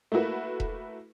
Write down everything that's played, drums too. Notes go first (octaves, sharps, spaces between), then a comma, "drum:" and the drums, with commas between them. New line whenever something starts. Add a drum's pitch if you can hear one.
A3 A#3 E4 F#4 B4
drum: kick E1